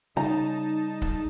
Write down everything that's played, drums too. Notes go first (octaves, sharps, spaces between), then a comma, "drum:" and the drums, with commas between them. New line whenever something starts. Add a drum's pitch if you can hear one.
C#3 G3 D#4 G#4 A5 A#5
drum: kick C#1